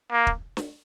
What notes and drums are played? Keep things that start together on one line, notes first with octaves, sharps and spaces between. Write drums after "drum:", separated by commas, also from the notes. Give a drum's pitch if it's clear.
A#3
drum: kick
drum: snare